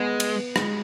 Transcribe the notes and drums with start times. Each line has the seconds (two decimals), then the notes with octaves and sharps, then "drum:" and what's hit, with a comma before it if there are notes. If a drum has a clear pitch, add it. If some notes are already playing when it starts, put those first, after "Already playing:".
Already playing: G#3 B3
0.20 drum: cymbal
0.56 G#3, drum: rim click